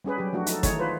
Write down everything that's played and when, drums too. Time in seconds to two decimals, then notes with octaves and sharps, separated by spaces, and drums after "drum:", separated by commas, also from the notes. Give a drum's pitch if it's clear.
0.04 G3 C#4 G#4 B4
0.18 F#3 G4
0.33 F3 A3 D4 F#4
0.46 D#4 A4, drum: hi-hat
0.63 D#3 E3 A3 D#4 G#4 C#5, drum: kick, hi-hat
0.79 F4 B4 C5